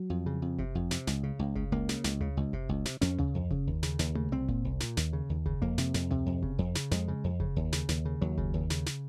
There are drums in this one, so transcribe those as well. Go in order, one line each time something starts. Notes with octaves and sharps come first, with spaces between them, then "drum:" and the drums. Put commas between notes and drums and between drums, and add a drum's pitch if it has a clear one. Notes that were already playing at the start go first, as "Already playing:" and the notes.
Already playing: F#3
F2
C#3
F2
C3, drum: kick F#1
F2
C3, drum: snare
C#2, drum: snare
C#3
C#2
C#3, drum: kick F#1
C#2 A#3
C#3, drum: snare
C#2, drum: snare
C#3, drum: tom D2
C#2
C3, drum: kick F#1
C#2
C3, drum: snare
F2 C#4, drum: snare
C#3, drum: tom D2
F2
C#3, drum: kick F#1
D#2
C#3, drum: snare
D#2, drum: snare
C#3, drum: tom A3
C2 C4
A#2, drum: kick F#1
C2
A#2, drum: snare
D#2, drum: snare
C#3
D#2
C#3, drum: kick F#1
F2 A#3
C3, drum: snare
F2, drum: snare
C3, drum: tom D2
F2
C#3, drum: kick F#1
F2
C#3, drum: snare
F2 G#3, drum: snare
C#3
F2
C#3, drum: kick F#1
D#2
C#3, drum: snare
D#2, drum: snare
C#3
D#2 F#3
C#3, drum: kick F#1
D#2
C#3, drum: snare
drum: snare